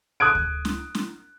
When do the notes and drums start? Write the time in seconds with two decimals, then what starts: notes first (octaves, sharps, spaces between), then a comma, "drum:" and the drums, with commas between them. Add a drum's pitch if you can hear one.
0.20 D#6 F#6 G#6 D7
0.35 drum: kick D2
0.65 drum: snare
0.95 drum: snare